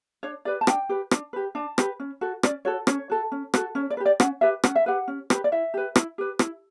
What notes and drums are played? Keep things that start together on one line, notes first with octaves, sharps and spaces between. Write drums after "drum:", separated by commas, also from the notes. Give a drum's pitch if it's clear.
D4 C#5
G4 B4 D5
A5
D4 G5, drum: rim click
G4 B4
D4, drum: rim click
G4 B4
D4 A5
G4 B4, drum: rim click
C#4
F#4 A4
C#4 D5, drum: rim click
F#4 A4 C#5
C#4 C#5, drum: rim click
F#4 A4
C#4
F#4 A4, drum: rim click
C#4 C#5
D5
B4
G4
D5
C#4 F#5, drum: rim click
G4 B4 E5
C#4 F#5, drum: rim click
E5
G4 B4 F#5
C#4
G4 B4, drum: rim click
D5
E4 E5
G4 B4
E4, drum: rim click
G4 B4
E4, drum: rim click